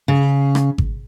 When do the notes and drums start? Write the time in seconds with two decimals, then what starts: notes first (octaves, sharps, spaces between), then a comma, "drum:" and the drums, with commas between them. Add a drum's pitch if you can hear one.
0.08 C#3
0.55 drum: rim click
0.78 drum: kick G#1